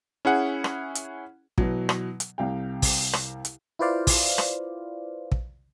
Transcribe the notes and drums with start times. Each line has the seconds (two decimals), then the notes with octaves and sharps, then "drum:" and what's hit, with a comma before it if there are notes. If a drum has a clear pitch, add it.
0.25 C#4 E4 G#4 F#5
0.64 drum: rim click
0.95 drum: hi-hat
1.58 B2 E3 F#3, drum: kick
1.89 drum: rim click
2.20 drum: hi-hat
2.38 C2 C3 F5 G5
2.82 drum: kick, open hi-hat
3.13 drum: rim click
3.45 drum: hi-hat
3.79 E4 F4 B4 C5 D5 F5
4.07 drum: kick, open hi-hat
4.38 drum: rim click
5.32 drum: kick